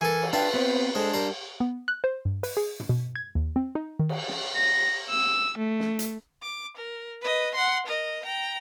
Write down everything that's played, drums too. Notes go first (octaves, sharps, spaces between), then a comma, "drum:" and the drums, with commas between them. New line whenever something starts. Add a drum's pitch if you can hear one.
E3 A4 A#4 G#5
drum: cymbal
D4 F4 B4 E5 G5
B3 C4 C5
G#3 D4 A4 C5
G3 A#4 C5 A#5
B3
F#6
C5
G2
B4, drum: open hi-hat
G#4
drum: tom
B2
G#6
D#2
C4
D#4
D#3
drum: cymbal
drum: snare
A#6
E6
A3
drum: snare
drum: hi-hat
D6
A#4
B4 D#5
F#5 C6
A#4 D#5
G5 A#5